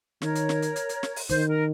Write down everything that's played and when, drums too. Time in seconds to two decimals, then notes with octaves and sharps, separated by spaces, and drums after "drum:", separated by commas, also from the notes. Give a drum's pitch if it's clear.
0.22 D#3 A#4 C#5, drum: snare
0.36 drum: hi-hat
0.49 drum: snare
0.62 drum: hi-hat
0.76 drum: hi-hat
0.89 drum: hi-hat
1.03 drum: snare
1.16 drum: open hi-hat
1.29 D#3 C5, drum: kick, hi-hat
1.48 A#4